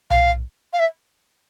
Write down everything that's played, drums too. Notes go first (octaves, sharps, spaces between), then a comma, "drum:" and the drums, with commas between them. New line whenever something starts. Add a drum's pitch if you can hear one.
F5, drum: tom B1
F5
E5